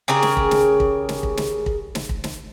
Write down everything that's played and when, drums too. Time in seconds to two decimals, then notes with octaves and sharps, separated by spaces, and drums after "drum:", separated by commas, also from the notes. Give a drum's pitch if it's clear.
0.08 C#3 G4 G#4 A#4
0.22 drum: snare
0.37 drum: kick
0.51 drum: snare
0.80 drum: kick
1.09 drum: snare
1.23 drum: kick
1.37 drum: snare
1.66 drum: kick
1.95 drum: snare
2.09 drum: kick
2.24 drum: snare